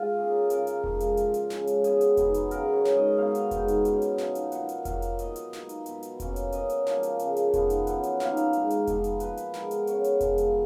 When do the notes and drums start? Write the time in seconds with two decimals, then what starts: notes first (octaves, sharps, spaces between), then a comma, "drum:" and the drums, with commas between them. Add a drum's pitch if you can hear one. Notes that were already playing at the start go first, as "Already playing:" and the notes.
Already playing: G#3 F4
0.16 A#3 C#4 G#4
0.50 C#3 A#4, drum: hi-hat
0.67 drum: hi-hat
0.84 F3 G#3, drum: kick F1
1.00 drum: hi-hat
1.17 A#2, drum: hi-hat
1.34 drum: hi-hat
1.50 G#3 C#4, drum: snare
1.67 drum: hi-hat
1.84 B2 G#4, drum: hi-hat
2.01 drum: hi-hat
2.17 F#3 B3 D#4, drum: kick F1, hi-hat
2.34 drum: hi-hat
2.51 C#3 A#4, drum: hi-hat
2.73 C#5
2.85 G#3 D#4, drum: snare
2.96 D#5
3.18 B2 F5
3.35 drum: hi-hat
3.51 G#3, drum: kick F1, hi-hat
3.56 D#4
3.68 drum: hi-hat
3.85 F#2, drum: hi-hat
4.02 drum: hi-hat
4.18 F3 B3 D#4, drum: snare
4.35 drum: hi-hat
4.52 A#2 F#5, drum: hi-hat
4.69 drum: hi-hat
4.85 F#3 A#3 F5, drum: kick F1, hi-hat
5.02 drum: hi-hat
5.19 B2 D#5, drum: hi-hat
5.36 drum: hi-hat
5.53 A#3 D#4, drum: snare
5.69 drum: hi-hat
5.86 B2, drum: hi-hat
6.03 drum: hi-hat
6.20 A#3 C#4, drum: kick F1, hi-hat
6.36 drum: hi-hat
6.52 F#2 D#5, drum: hi-hat
6.70 drum: hi-hat
6.86 F3 A#3, drum: snare
7.03 drum: hi-hat
7.19 C#3, drum: hi-hat
7.36 drum: hi-hat
7.54 F3 B3 D#4, drum: kick F1, hi-hat
7.70 drum: hi-hat
7.87 F#2 F#5, drum: hi-hat
8.03 drum: hi-hat
8.20 D#3 A#3 D#4 F5, drum: snare
8.37 drum: hi-hat
8.53 G#2, drum: hi-hat
8.70 drum: hi-hat
8.87 F3 B3 D#4, drum: kick F1, hi-hat
9.04 drum: hi-hat
9.20 A#2 B4, drum: hi-hat
9.37 drum: hi-hat
9.54 G#3 B3 A#4, drum: snare
9.71 drum: hi-hat
9.87 C#3 C#5, drum: hi-hat
10.04 drum: hi-hat
10.21 F3 G#3, drum: kick F1, hi-hat
10.38 drum: hi-hat